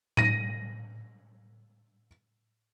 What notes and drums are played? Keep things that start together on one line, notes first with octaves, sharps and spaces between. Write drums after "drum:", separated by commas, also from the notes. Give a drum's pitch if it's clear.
A#6 D#7, drum: tom A2